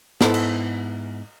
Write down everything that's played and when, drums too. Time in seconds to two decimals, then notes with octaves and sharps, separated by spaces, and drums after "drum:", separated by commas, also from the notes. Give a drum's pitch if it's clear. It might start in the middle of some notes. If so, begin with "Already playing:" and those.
0.21 G#2 B3 E4 A4 C5, drum: snare
0.34 drum: cymbal